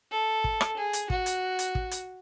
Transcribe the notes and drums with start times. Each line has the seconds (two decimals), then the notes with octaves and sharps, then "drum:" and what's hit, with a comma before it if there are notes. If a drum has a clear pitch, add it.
0.11 A4
0.44 drum: kick
0.61 drum: rim click
0.77 G#4
0.93 drum: hi-hat
1.10 F#4, drum: kick
1.26 drum: hi-hat
1.59 drum: hi-hat
1.75 drum: kick
1.91 drum: hi-hat